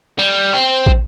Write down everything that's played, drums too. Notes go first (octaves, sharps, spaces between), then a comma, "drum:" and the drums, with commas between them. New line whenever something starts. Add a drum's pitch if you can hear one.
G3
C4
drum: kick